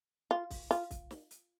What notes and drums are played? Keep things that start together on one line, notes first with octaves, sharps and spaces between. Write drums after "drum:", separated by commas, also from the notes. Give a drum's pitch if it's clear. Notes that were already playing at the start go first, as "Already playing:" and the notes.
F4
drum: kick, open hi-hat
F4, drum: hi-hat
drum: kick, hi-hat
drum: snare
drum: hi-hat